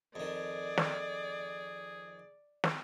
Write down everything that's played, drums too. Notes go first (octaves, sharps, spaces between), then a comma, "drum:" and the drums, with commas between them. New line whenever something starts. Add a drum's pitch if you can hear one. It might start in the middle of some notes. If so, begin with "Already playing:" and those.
F2 D#3 G#4 D5
drum: snare
drum: snare